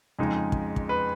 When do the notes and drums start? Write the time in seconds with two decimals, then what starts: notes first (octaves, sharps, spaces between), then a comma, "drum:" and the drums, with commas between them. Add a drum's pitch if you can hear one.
0.19 F2 C#3 G#3 D#4
0.52 drum: kick
0.76 drum: kick
0.89 B4